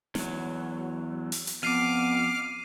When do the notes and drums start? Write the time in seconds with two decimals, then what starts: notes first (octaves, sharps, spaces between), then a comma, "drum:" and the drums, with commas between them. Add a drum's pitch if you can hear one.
0.15 E2 F#3, drum: snare
1.32 drum: open hi-hat
1.47 drum: hi-hat
1.63 F2 B3 D6 F6 C7 D#7